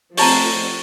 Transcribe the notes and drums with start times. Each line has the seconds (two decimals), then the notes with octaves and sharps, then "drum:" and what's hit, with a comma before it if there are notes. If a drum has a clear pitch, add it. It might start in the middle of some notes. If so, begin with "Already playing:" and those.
0.17 F3 A3 C4 C#5 A5 A#5 C#6 A6, drum: open hi-hat